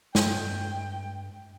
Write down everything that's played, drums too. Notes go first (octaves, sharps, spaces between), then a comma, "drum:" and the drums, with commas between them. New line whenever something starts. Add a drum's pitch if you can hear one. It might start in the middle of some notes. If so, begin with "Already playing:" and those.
G2 G5, drum: snare